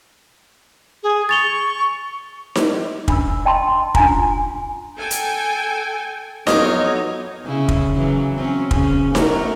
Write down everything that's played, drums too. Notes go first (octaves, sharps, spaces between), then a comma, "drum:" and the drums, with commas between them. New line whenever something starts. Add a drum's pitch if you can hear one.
G#4
C#6 A6 F7 G7
drum: snare D#4
D4 B5 E6, drum: kick
D#5 G5 A5 B5 C6
D4 F4 G#5 A#5, drum: kick
A4 G5 G#5
drum: hi-hat
F2 F#3 B3 D#4 C#5 D#5 F5 D6, drum: snare D#4
C#3 E4
drum: kick
C#3 E3 F#3
F#3 C4 C#4
C#3 C#4, drum: kick
A3 F#4 A#4, drum: snare D#4